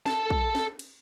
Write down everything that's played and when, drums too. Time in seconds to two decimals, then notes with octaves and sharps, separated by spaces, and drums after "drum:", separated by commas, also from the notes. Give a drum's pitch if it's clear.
0.06 A4 A5, drum: snare
0.30 drum: kick
0.55 drum: snare
0.79 drum: cymbal